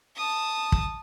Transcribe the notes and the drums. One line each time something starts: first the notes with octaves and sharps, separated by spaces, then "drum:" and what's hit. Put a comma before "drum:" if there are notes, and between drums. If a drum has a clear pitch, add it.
A5 D#6
drum: kick